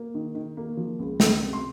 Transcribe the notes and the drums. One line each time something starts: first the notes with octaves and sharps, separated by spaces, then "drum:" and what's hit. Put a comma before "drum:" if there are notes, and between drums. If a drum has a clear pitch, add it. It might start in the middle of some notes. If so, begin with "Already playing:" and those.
Already playing: A#3
D#3
D#3
A#3
F3
C#2
C#2, drum: snare
C3
C6